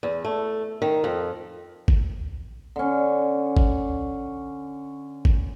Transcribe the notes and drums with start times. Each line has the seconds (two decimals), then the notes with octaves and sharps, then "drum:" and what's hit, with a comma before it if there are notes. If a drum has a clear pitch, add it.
0.03 E2
0.25 A3
0.82 D#3
1.04 F2
1.88 drum: kick
2.76 D3 C#4
3.57 drum: kick
5.25 drum: kick